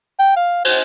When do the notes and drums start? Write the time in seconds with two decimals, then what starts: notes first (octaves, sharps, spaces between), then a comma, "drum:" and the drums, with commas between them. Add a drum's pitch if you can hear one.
0.19 G5
0.36 F5
0.65 C5, drum: cymbal